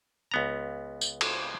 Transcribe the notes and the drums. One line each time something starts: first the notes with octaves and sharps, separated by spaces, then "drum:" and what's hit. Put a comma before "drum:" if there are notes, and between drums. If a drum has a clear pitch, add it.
C#2 B3 A#5
drum: tambourine
drum: cymbal